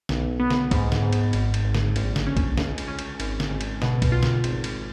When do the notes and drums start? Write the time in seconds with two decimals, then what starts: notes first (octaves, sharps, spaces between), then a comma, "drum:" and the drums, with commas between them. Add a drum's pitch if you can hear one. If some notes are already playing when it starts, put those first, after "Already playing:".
0.09 B1, drum: snare
0.40 B3
0.51 drum: snare
0.71 G#2, drum: kick B1, cymbal
0.92 drum: snare
1.02 G#2
1.13 drum: cymbal
1.33 G#1, drum: cymbal
1.54 drum: cymbal
1.65 G#1
1.75 drum: snare
1.96 A#1, drum: cymbal
2.16 drum: snare
2.27 C#4
2.37 drum: kick B1, cymbal
2.58 C#2, drum: snare
2.78 drum: cymbal
2.88 C#4
2.99 drum: cymbal
3.20 G#1, drum: cymbal
3.40 drum: snare
3.50 G#1
3.61 drum: cymbal
3.82 B2, drum: snare
4.02 drum: kick B1, cymbal
4.12 F4
4.23 drum: snare
4.44 G#1, drum: cymbal
4.64 drum: cymbal